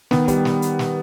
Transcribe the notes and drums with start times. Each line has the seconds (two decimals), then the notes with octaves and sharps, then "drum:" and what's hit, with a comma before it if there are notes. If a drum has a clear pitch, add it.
0.11 D#3 B3, drum: snare
0.28 G3, drum: kick, hi-hat
0.45 drum: snare
0.62 drum: hi-hat
0.79 drum: snare